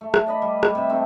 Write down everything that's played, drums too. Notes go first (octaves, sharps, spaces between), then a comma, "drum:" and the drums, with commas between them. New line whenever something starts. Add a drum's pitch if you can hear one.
A3
drum: rim click
D5 D#5 B5
G3
G3, drum: rim click
C3 E5
A3 C4 D#4